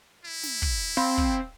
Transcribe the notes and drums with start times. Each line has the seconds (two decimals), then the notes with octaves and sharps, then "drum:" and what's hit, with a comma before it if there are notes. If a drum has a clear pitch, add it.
0.25 E4
0.43 drum: snare
0.62 drum: kick
0.97 C4 F5 B5 C6
1.18 drum: kick